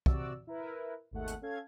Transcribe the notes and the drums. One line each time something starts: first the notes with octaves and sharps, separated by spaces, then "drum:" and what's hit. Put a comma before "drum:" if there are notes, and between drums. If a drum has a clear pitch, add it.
C3 F#4 D5 E6, drum: kick
E4 A#4 B4
G#1 D#2 A3 F#5
drum: hi-hat
C#4 A4 F5 G#6